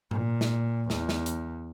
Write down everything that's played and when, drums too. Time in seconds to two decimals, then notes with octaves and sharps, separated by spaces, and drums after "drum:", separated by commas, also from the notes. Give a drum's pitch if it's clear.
0.11 A#2, drum: tom G#2
0.41 drum: snare
0.90 E2, drum: snare
1.09 drum: snare
1.26 drum: hi-hat